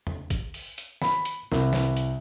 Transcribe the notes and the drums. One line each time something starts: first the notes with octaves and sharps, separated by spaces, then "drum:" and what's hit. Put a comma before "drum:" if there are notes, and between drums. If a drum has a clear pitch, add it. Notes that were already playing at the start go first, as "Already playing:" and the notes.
drum: tom E2
drum: kick, hi-hat
drum: open hi-hat
drum: hi-hat
B5, drum: snare
drum: hi-hat
C2, drum: snare
drum: snare
drum: hi-hat